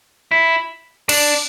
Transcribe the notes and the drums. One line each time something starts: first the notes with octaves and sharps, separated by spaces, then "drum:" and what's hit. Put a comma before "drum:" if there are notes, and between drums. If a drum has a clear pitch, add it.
E4
D4, drum: cymbal